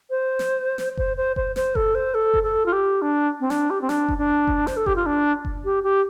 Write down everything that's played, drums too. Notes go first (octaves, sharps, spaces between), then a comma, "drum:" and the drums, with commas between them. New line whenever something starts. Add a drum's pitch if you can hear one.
C5
drum: snare
drum: snare
C5, drum: kick F#1
C5
C5, drum: kick F#1
C5, drum: snare
A4, drum: kick F#1
C5
A4
drum: kick F#1
A4
F4
G4
D4
C4
D4, drum: snare
G4
C4
D4, drum: snare
drum: kick F#1
D4
drum: kick F#1
C5, drum: snare
A4
G4, drum: kick F#1
F4
D4
drum: kick F#1
G4
G4